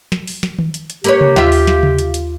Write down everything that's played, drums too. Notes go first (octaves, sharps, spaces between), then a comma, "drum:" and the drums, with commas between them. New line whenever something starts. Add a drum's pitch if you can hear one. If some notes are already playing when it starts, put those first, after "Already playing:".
drum: snare
drum: open hi-hat
drum: snare
drum: tom D#3
drum: hi-hat
drum: hi-hat
A#3 G4 B4 C#5, drum: hi-hat
drum: tom C3
D#2 F4 E5, drum: snare
drum: open hi-hat
drum: snare
drum: tom C3
drum: hi-hat
drum: hi-hat